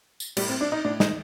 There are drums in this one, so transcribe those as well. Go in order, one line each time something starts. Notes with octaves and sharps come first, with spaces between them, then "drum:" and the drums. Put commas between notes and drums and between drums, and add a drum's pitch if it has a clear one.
drum: tambourine
A2 G3, drum: cymbal
C4
D4
D#4
A2 D4
D#4, drum: snare